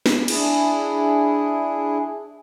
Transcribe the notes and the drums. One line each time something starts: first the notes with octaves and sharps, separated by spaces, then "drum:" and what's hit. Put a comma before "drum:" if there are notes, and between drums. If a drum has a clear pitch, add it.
drum: snare
D4 E4 G#4, drum: cymbal